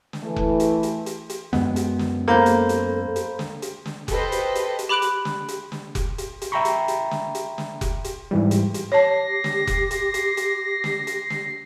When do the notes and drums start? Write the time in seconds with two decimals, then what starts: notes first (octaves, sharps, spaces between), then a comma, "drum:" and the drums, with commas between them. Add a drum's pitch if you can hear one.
0.13 drum: snare
0.24 E3 A3
0.36 drum: kick F1
0.60 drum: hi-hat
0.83 drum: hi-hat
1.06 drum: hi-hat
1.29 drum: hi-hat
1.53 F#2 G#3 B3, drum: snare
1.76 drum: hi-hat
1.99 drum: snare
2.28 A#3 A4 C5 B5 G6
2.46 drum: hi-hat
2.69 drum: hi-hat
3.16 drum: hi-hat
3.39 drum: snare
3.62 drum: hi-hat
3.85 drum: snare
4.08 G4 A4 B4 C5 D#5, drum: kick F1, hi-hat
4.32 drum: hi-hat
4.55 drum: hi-hat
4.79 drum: hi-hat
4.89 G4 B5 D6 F#6 D7 F#7
5.02 drum: hi-hat
5.25 drum: snare
5.48 drum: hi-hat
5.72 drum: snare
5.95 drum: kick F1, hi-hat
6.18 drum: hi-hat
6.42 drum: hi-hat
6.52 E5 G5 A#5 B5 C#6
6.65 drum: hi-hat
6.88 drum: hi-hat
7.11 drum: snare
7.35 drum: hi-hat
7.58 drum: snare
7.81 drum: kick F1, hi-hat
8.04 drum: hi-hat
8.31 G#2 E3 G3
8.51 drum: hi-hat
8.74 drum: hi-hat
8.92 G4 C#5 A5 A#6 C7
9.44 drum: snare
9.67 drum: kick F1, hi-hat
9.91 drum: hi-hat
10.14 drum: hi-hat
10.37 drum: hi-hat
10.84 drum: snare
11.07 drum: hi-hat
11.30 drum: snare